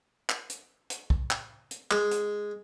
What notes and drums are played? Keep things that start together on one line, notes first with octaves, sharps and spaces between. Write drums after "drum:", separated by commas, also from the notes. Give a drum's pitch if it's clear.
drum: clap
drum: hi-hat
drum: hi-hat
drum: kick
drum: clap
drum: hi-hat
G#3, drum: clap
drum: hi-hat